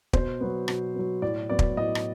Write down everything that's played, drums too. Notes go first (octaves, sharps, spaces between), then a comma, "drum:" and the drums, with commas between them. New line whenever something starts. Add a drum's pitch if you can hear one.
B2 C5, drum: kick
F#3 B3
B2, drum: rim click
F#3 B3
A2 D5
F#3 B3 D5
drum: kick
A2 D#5
drum: rim click